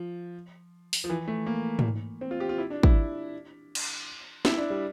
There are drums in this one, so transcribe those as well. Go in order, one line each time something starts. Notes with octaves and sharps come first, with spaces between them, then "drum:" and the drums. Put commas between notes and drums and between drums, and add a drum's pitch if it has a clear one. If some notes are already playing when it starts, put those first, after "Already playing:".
Already playing: F3
drum: open hi-hat
F3
E3
A3
A#3
drum: tom G#2
C4
F4
G4
F4
E4
D4
E4, drum: kick
drum: cymbal
E4, drum: snare
D4
G3